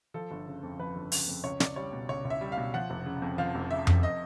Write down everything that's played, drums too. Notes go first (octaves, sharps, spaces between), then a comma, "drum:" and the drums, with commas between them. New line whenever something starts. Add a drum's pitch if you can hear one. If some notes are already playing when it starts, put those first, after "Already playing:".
F3 A4
G1
C#3
F2
F3 B4
G1
C#3, drum: open hi-hat
F2
C#2 C#5
C#2 D5, drum: snare
G3 C#5
B2
C#2 C#5
C#2
E5
G3
F5
B2
F3 F#5
F1
C#3
F2
F3 F5
F1
C#3 E5
F2, drum: tom F2
D#5